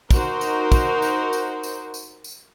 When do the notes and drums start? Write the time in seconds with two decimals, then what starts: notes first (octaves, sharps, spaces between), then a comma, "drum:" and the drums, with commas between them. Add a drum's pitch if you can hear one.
0.11 D#4 F#4 A#4 C5, drum: kick, tambourine
0.41 drum: tambourine
0.72 drum: kick, tambourine
1.02 drum: tambourine
1.33 drum: tambourine
1.63 drum: tambourine
1.94 drum: tambourine
2.24 drum: tambourine